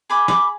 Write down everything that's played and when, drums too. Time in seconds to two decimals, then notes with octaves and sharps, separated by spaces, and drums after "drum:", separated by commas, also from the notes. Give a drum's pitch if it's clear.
0.10 G#4 B5 D6
0.28 B5 D6, drum: snare